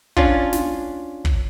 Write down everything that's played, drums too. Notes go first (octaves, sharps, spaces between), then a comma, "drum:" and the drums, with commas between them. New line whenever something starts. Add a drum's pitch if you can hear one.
C#4 D4 F4, drum: kick
drum: snare
drum: kick